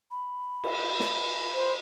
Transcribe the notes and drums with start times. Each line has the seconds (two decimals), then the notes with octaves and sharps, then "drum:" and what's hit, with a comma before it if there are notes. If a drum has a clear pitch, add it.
0.11 B5
0.64 drum: cymbal
1.00 drum: snare
1.54 C5